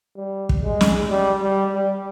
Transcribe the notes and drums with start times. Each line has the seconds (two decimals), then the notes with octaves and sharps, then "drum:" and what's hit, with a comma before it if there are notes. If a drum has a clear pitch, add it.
0.16 G3
0.49 drum: kick
0.63 G#3
0.81 drum: snare
1.10 G3
1.42 G3
1.74 G3